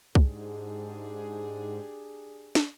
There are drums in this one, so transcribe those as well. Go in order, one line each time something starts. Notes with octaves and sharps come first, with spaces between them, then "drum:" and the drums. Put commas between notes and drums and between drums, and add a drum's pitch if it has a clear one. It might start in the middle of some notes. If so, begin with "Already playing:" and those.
G#2 D4 G4 G#4, drum: kick C2
drum: snare